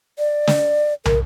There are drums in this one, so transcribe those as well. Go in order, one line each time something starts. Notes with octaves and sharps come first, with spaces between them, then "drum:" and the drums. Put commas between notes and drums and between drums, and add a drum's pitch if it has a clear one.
D5
drum: snare
A#4, drum: tom